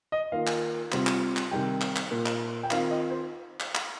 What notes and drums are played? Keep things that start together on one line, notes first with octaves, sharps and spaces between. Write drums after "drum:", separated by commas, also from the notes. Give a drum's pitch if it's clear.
D#5
D#3 A#3 F4 F5
drum: clap
C3 G3 C4 F4, drum: clap
drum: clap
drum: clap
C3 D#3 G3 D#4 G5
drum: clap
drum: clap
A#2 A#3 F4
drum: clap
G5
D#3 C4 F4 F5, drum: clap
D#5
C5
drum: clap
drum: clap